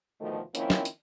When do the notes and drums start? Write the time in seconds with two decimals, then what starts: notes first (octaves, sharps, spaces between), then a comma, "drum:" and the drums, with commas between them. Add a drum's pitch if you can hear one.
0.21 D2 B2 D#3 F3 A3 D#5
0.55 D#3 F3 A#3 C4 C#4 E4, drum: hi-hat
0.70 drum: snare
0.85 drum: hi-hat